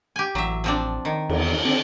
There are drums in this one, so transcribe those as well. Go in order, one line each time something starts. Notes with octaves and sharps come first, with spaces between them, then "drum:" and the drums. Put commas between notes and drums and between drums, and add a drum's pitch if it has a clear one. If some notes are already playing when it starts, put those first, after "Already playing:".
G4 G#5
A1 F#3 E5
F3 C4 D4
D#3
E2, drum: cymbal
D3 C4